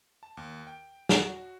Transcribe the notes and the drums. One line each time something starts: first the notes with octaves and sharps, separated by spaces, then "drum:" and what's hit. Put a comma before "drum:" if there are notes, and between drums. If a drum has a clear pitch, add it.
A5
D#2
G5
F#4, drum: snare